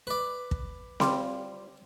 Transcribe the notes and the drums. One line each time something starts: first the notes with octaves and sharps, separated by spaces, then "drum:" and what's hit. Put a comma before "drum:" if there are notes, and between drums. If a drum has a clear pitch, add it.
B4 D5
drum: kick
G3 F4 C5, drum: snare C4